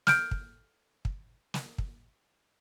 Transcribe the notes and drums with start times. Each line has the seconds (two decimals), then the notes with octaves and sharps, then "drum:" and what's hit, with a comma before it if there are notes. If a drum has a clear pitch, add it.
0.07 F6 G6 D7, drum: snare
0.31 drum: kick
1.05 drum: kick
1.54 drum: snare
1.78 drum: kick